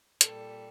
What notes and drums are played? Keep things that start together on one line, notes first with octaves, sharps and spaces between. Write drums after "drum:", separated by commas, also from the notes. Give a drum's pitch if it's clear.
A#2 G3 A4, drum: hi-hat